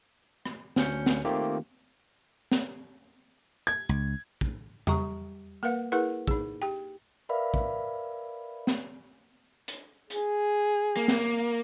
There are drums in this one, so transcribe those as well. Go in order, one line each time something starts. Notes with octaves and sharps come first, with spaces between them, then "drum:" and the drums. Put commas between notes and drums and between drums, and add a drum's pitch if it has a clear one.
drum: rim click
D2 C#4 G6 C#7, drum: snare
drum: snare
D#3 A3 A#3 C4 F4 G4
drum: snare
G#6
C#2
drum: kick
G3 G4 A#5 C#6, drum: tom E2
A#3 A#4 B4 F5 F#5
E4 G#4 A#4 B4 F#5
D#4 G#4, drum: kick
G4 G5
A#4 B4 D5 E5 F5 B5
drum: kick
drum: snare
drum: hi-hat
G#4, drum: hi-hat
A#3
drum: snare